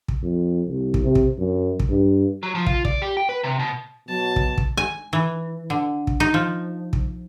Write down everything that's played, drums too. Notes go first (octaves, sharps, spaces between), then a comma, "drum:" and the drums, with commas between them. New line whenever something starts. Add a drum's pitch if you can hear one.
drum: kick
F2
C2
drum: kick
C3
drum: kick
F#2
drum: kick
G2
F#3
F3
F4, drum: kick
D5, drum: kick
G4
G5
B4
C3
B2
B2 F#3 A5
drum: kick
drum: kick
G#5
E3
D3
drum: kick
D#4
F3
drum: kick